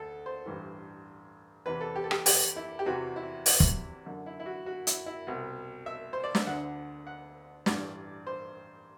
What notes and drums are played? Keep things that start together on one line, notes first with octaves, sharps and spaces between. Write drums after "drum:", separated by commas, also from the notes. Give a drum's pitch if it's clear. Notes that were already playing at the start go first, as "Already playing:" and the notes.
Already playing: D2 A4
C5
A1 G2 E3
E2 C3 E3 B4
A4
G4
A4
G4, drum: rim click
G4, drum: open hi-hat
E4
G4
E2 C3 E3 F#4
E4
E4, drum: open hi-hat
drum: kick
F#2 D3
E4
E4
F#4
F#4
E4, drum: hi-hat
E4
C2 B2
E5
C5
D5
E5, drum: snare
D2 D3 F#5
F#5
A1 G2 E3 D5, drum: snare
C5